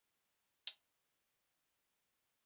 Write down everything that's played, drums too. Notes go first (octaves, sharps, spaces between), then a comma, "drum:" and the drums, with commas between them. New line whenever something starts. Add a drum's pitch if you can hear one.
D5
C2 C5
C3 G3, drum: hi-hat
C2
C3 D#3
B1
B2 B3